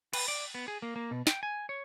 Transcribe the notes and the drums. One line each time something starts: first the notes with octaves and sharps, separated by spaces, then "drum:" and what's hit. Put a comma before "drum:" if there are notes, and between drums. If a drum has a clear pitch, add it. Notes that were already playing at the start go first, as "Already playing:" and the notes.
B4, drum: cymbal
D5
B3
G#4
A#3
A#3
B2
G5, drum: snare
G#5
C#5